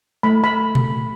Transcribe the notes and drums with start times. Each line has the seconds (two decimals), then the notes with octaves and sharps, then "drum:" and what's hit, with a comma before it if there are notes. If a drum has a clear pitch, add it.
0.23 A3 B5
0.44 B5
0.75 drum: tom A#2